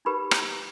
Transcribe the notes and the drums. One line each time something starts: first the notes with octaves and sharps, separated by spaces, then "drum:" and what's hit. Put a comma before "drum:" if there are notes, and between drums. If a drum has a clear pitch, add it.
D#4 G4 B4 B5
A#5, drum: rim click